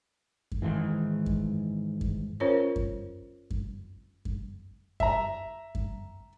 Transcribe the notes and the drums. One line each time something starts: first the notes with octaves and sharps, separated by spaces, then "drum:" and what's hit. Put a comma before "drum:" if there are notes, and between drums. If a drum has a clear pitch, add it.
drum: kick F#2
G#2 D#3 E3
drum: kick F#2
drum: kick F#2
C#4 F4 A#4 C5 C#5
drum: kick F#2
drum: kick F#2
drum: kick F#2
E5 A#5, drum: kick F#2
drum: kick F#2